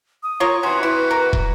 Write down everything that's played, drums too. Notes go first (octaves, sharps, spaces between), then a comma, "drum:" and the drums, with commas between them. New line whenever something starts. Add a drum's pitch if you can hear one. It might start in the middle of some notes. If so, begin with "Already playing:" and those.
D#6
F4 A#4 C#5
C3 E3 C#4 F#4 C6
E4 B4
A#4
drum: kick